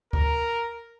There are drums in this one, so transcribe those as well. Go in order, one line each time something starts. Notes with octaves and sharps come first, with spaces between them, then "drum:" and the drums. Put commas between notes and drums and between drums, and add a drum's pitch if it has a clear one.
A#4, drum: kick